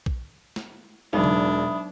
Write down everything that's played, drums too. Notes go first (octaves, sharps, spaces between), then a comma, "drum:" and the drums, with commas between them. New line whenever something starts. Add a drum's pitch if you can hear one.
drum: kick
drum: snare
E1 F#3 D4 D#4 E5 B5 D#6
drum: tom C#3